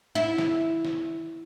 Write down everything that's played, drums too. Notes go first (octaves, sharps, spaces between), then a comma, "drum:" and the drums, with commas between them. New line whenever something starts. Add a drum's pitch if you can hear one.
E4
drum: snare
drum: snare